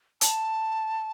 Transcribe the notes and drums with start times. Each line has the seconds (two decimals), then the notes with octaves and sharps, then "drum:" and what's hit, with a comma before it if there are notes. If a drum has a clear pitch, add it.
0.21 A5, drum: hi-hat